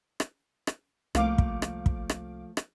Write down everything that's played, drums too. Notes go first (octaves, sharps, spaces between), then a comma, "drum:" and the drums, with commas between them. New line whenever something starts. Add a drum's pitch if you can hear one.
drum: rim click
drum: rim click
C2 F3 A3 A#3 F5 D6, drum: rim click
drum: kick
drum: rim click
drum: kick
drum: rim click
drum: rim click